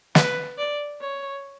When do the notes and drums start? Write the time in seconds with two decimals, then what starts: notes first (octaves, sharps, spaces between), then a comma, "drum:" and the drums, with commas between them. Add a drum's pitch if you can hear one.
0.15 B4, drum: snare
0.58 D5
1.01 C#5